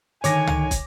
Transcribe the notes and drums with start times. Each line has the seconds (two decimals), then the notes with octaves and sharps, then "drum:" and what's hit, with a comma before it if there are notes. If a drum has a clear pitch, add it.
0.24 D3 D#3 C#5 G#5 D6 A#6, drum: hi-hat
0.47 drum: tom
0.71 drum: kick, hi-hat